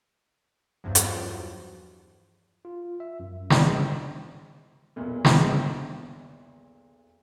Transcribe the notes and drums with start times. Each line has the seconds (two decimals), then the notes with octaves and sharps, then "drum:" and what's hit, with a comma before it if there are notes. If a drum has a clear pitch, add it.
0.84 E2 G2 F3 F#3
0.95 drum: hi-hat
2.65 F4
3.00 E5
3.20 F#2
3.50 D5, drum: snare
4.96 B1 E2 A#2
5.25 drum: snare